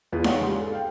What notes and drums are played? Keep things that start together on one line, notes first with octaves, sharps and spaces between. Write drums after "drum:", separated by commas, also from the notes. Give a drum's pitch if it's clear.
E2 F4 B4
G#4 C#5 D5 F5 F#5, drum: snare D#4
G#2 C#3 G4 C6
A4
F5 G5